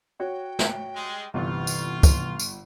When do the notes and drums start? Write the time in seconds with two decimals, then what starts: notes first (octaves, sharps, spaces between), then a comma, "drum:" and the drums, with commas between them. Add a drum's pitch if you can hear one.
0.20 F#4 C#5 G5
0.59 drum: snare
0.95 G3 G#3
1.34 G1 C3 E3 F4 C#6
1.67 drum: tambourine
2.03 drum: kick, tambourine
2.39 drum: tambourine